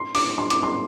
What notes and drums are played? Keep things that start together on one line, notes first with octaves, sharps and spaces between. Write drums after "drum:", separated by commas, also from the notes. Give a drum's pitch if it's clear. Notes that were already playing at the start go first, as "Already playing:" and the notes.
Already playing: C6
D6, drum: open hi-hat
C6
D6, drum: hi-hat
C6